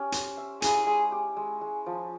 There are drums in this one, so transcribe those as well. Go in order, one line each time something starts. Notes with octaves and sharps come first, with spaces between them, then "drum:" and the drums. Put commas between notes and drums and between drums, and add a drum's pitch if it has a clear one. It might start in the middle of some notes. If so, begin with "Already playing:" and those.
Already playing: C#4 G4
C5, drum: hi-hat
E5
E4 G#4, drum: hi-hat
G#3
G4
G#3
G#3
F3